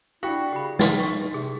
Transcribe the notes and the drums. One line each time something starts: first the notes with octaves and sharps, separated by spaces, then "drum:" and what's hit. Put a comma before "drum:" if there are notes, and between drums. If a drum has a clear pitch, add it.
D4 E4 F#4 F5 G5
C#3 G4 B5
D#4 A6 B6, drum: snare
C6 C#6
C3 G#4